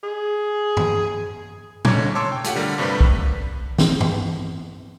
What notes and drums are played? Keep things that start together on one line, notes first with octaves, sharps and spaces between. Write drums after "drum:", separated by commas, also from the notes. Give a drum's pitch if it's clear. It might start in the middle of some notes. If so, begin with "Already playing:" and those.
G#4
drum: tom G2
A1 D3 C#5 A#5 D6 G#6, drum: tom A#2
C#5 A5 C6 D6 E6
G5
A3 F4 G4 F#5, drum: hi-hat
D3 G3 A#4
G2 C3 G3 A3 B4
drum: kick B1
E3 C4, drum: snare
drum: tom G2